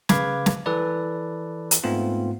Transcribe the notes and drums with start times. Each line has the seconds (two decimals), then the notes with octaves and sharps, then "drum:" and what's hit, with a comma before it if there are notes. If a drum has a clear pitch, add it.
0.09 C#3 B4 F5 B5 D6 G#6, drum: snare
0.46 drum: snare
0.66 E3 A4 B4 D5
1.71 drum: hi-hat
1.84 G#2 A3 B3 C4 F4